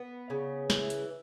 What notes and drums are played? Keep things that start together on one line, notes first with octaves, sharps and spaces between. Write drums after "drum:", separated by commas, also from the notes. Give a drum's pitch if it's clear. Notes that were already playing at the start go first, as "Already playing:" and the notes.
Already playing: B3
C#3
E3, drum: snare
drum: hi-hat